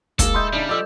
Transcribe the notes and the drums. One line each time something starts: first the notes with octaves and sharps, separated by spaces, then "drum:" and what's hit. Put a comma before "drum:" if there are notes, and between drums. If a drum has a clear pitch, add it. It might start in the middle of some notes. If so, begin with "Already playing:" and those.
G#3 A#3 D#4 A4, drum: kick, hi-hat
D#5 E5 B5 C6 D#6 G6
C#3 G3 D4 D#4
F3 A4 D5 D#5 E6